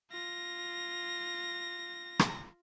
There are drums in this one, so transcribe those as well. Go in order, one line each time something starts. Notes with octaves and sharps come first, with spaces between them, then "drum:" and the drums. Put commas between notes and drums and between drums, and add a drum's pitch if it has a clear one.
F4 A#6
drum: rim click